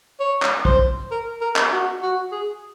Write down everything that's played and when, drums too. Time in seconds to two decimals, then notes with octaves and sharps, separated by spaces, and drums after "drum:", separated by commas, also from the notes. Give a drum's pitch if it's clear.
0.20 C#5
0.42 drum: clap
0.65 C5, drum: kick
1.11 A#4
1.41 A#4
1.56 drum: clap
1.72 F#4
2.02 F#4
2.32 G#4